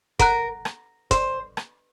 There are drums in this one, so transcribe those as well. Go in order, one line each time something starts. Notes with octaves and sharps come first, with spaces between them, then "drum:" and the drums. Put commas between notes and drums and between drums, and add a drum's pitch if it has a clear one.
A#4 F#5 A#5 F#6, drum: kick, hi-hat
drum: rim click
C5, drum: kick, hi-hat
drum: rim click